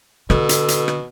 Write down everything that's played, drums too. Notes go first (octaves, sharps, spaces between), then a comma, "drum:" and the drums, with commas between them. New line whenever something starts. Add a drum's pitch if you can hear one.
B2 D3 A4, drum: rim click
drum: hi-hat
drum: hi-hat
drum: rim click